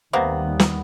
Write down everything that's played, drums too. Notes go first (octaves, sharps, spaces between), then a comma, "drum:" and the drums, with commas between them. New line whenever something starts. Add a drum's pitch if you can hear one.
D#2 C3 G3 A#3 B3
drum: snare